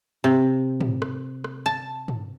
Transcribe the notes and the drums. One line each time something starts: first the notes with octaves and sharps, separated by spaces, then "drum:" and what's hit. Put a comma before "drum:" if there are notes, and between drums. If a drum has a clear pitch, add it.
C3
drum: tom
drum: rim click
drum: rim click
A5
drum: tom